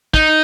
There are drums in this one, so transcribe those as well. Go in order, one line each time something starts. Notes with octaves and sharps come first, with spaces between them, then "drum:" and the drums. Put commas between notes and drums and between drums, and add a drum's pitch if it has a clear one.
D#4, drum: kick